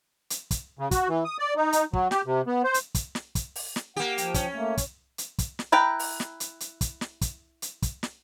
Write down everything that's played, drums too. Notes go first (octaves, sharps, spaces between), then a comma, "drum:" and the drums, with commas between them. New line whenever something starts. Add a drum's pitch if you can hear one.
drum: hi-hat
drum: kick, hi-hat
C#3
F#4, drum: kick, hi-hat
E3
D#6
D5
D#4
drum: hi-hat
F#3, drum: kick
G4, drum: snare
C3
B3
C5
drum: hi-hat
drum: kick, hi-hat
drum: snare
drum: kick, hi-hat
drum: open hi-hat
drum: snare
A#3 G4 F#5
F3 G5, drum: hi-hat
C#4, drum: kick, hi-hat
A3 A#3
drum: kick, hi-hat
drum: hi-hat
drum: kick, hi-hat
drum: snare
E4 B4 G5 A#5
drum: open hi-hat
drum: snare
drum: hi-hat
drum: hi-hat
drum: kick, hi-hat
drum: snare
drum: kick, hi-hat
drum: hi-hat
drum: kick, hi-hat
drum: snare